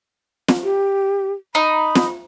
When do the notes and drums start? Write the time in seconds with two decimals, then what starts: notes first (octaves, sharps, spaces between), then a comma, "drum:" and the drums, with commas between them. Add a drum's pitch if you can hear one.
0.48 drum: snare
0.63 G4
1.55 D#4 B5
1.95 drum: snare